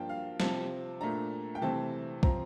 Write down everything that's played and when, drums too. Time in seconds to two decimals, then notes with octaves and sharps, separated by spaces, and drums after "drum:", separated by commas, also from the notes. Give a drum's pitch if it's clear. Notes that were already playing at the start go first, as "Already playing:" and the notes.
Already playing: G2 F3 A#3 D4 G5 A5
0.09 F5
0.40 C3 F3 C4 A5, drum: snare
1.01 A#2 A3 D4 A#5
1.55 G5
1.61 C3 E3 A3 C4 A5
2.23 F3 C4 A#5, drum: kick